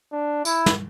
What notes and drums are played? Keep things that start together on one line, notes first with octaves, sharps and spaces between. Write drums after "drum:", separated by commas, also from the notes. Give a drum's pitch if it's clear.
D4
E4, drum: tambourine
drum: snare